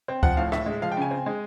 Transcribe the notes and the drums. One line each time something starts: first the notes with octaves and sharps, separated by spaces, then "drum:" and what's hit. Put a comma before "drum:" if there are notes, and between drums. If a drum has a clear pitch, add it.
C4
F3 F#5, drum: kick C#2
A2 F5
A2 E5, drum: rim click
G#3
F3 F5
G5
C#3 G#5
C4
G#3